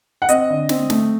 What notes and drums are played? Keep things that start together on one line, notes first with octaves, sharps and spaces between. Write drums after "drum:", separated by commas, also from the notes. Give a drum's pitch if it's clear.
F#5
C4 D#5, drum: hi-hat
D3
C4, drum: snare
A3, drum: snare